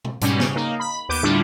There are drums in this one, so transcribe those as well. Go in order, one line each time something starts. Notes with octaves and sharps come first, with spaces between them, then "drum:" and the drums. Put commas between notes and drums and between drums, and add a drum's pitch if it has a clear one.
drum: tom B2
G#2 B2 G3 C#4, drum: hi-hat
C#3, drum: snare
A#3 D#4
B5
D#2 B3 D6 G6 D7 D#7
A2 D3 G3 D4 E4 F4